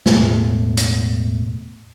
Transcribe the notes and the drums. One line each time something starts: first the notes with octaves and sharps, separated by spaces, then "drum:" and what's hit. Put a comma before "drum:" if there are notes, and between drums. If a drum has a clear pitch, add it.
E1 A2, drum: snare
drum: hi-hat